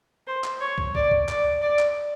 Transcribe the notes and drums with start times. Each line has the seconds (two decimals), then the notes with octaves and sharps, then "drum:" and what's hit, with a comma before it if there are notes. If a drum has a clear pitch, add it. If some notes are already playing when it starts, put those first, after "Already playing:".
0.27 C5
0.44 drum: clap
0.60 C#5
0.78 drum: kick
0.95 D5, drum: kick
1.11 drum: kick
1.29 D5, drum: clap
1.62 D5
1.79 drum: clap